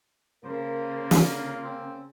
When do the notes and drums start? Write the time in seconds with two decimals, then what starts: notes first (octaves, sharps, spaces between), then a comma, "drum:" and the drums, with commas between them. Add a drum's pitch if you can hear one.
0.44 C#3 A#3 A#4 C5
1.11 D3 F4, drum: snare
1.64 C4 C#4